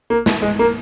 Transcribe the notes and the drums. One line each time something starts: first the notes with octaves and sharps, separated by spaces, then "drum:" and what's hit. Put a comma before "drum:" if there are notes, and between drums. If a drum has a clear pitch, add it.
A#3
drum: snare
G#3
A#3